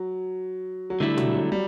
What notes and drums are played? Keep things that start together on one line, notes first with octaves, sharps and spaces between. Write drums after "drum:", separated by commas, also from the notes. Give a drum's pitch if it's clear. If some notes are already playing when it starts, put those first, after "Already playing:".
Already playing: F#3
F#3
D3 G3 A3 E4
F#3, drum: tom
F#3
G3